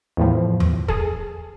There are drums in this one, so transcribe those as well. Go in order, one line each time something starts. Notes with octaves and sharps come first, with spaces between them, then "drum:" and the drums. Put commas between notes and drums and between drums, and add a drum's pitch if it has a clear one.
E2 A2 F3
drum: tom E2
G#4 A4, drum: kick